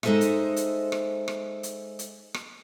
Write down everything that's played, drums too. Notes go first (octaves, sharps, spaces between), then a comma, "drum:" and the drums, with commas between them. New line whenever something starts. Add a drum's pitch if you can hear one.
G#3 D#4 A4 C5 D#5 E5, drum: rim click
drum: hi-hat
drum: hi-hat
drum: rim click
drum: rim click
drum: hi-hat
drum: hi-hat
drum: rim click